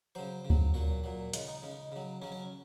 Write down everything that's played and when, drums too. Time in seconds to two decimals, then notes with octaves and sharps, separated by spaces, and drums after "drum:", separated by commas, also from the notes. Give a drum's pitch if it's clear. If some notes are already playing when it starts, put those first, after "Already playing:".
0.15 C#3 F#3 C5
0.45 C#3
0.50 F#3, drum: kick D2
0.74 A#2 F#3 F#4
1.04 A#2 F#3
1.33 C#3 G#3 F4, drum: hi-hat
1.48 D#4
1.63 C#3 G#3
1.92 C#3 F#3
2.22 C#3 F#3 C#4
2.32 C#4